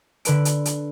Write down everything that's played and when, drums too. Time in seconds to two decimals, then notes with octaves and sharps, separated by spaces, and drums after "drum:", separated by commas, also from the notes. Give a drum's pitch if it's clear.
0.25 D3 B4 D7, drum: hi-hat
0.45 drum: hi-hat
0.65 drum: hi-hat